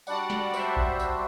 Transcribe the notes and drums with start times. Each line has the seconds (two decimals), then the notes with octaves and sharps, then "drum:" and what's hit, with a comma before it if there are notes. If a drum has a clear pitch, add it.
0.07 G3 D4 F#4 D5 F#5, drum: tambourine
0.30 D5 F#5, drum: snare
0.54 C5 E5, drum: tambourine
0.76 drum: kick A#1
1.00 drum: tambourine